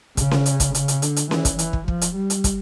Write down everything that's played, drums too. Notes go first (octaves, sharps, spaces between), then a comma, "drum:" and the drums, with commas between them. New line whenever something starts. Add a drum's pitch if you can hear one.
C#3, drum: kick, hi-hat
drum: snare C#4
drum: hi-hat
drum: kick, hi-hat
C#3, drum: hi-hat
drum: hi-hat
D3, drum: hi-hat
drum: hi-hat
E3, drum: snare C#4
drum: kick, hi-hat
E3, drum: hi-hat
drum: kick
F3, drum: kick
drum: hi-hat
G3
drum: hi-hat
drum: kick, hi-hat